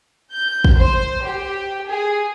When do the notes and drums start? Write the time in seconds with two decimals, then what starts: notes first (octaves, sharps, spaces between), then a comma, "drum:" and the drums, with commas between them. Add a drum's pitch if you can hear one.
0.33 G6
0.64 drum: kick
0.76 C5
1.25 G4
1.88 G#4